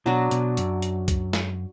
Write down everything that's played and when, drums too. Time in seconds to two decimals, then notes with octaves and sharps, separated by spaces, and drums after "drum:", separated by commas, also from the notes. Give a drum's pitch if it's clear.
0.06 B2 F#3 D4 F#4
0.31 B2, drum: hi-hat
0.57 F#2, drum: hi-hat
0.82 drum: hi-hat
1.08 drum: kick C2, hi-hat
1.33 drum: snare